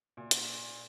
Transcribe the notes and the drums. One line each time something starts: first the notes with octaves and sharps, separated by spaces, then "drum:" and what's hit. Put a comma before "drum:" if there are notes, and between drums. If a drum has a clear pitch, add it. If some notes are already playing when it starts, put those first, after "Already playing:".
A#2
drum: hi-hat